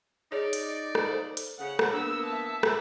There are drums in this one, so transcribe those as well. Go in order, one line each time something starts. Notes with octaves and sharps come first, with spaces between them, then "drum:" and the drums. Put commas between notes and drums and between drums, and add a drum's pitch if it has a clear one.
D#4 G#4 C#5 D5
drum: hi-hat
drum: rim click
A4 C5
drum: hi-hat
C#3 F#5
drum: rim click
A#3 B3 D4 E6
E5 A5
drum: rim click